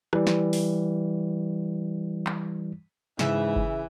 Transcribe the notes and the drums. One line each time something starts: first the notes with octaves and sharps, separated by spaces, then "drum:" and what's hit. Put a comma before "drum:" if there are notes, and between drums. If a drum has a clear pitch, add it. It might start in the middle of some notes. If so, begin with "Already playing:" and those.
E3 G3, drum: rim click
drum: snare
drum: open hi-hat
drum: clap
G#2 C#3 E3 E5, drum: snare
drum: kick G1